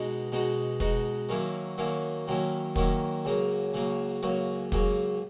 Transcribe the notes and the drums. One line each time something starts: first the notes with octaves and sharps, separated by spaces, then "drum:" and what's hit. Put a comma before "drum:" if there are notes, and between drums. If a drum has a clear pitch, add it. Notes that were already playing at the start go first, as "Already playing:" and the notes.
Already playing: B2 G#3 D#4 F#4
B2 G#3 D#4 F#4
B2 G#3 D#4 F#4, drum: kick
D#3 F#3 A#3 C#4 E4
D#3 F#3 A#3 C#4 E4
D#3 F#3 A#3 C#4 E4
D#3 F#3 A#3 C#4 E4, drum: kick
C#2 C#3 F#3 A#3
C#2 C#3 F#3 A#3
C#2 C#3 F#3 A#3
C#2 C#3 F#3 A#3, drum: kick